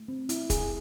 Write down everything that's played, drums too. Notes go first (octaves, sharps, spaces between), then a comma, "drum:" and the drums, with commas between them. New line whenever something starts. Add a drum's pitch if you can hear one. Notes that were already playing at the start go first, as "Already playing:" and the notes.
Already playing: A3
C4
E4, drum: hi-hat
G#4, drum: kick, hi-hat